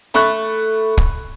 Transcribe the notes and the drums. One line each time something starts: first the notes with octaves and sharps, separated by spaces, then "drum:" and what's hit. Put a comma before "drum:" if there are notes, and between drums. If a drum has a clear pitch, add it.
A3 B5 C#6 F#6
drum: kick